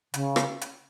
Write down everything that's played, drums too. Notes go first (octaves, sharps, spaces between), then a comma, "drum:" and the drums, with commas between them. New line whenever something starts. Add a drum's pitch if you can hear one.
C#3, drum: hi-hat
drum: rim click
drum: hi-hat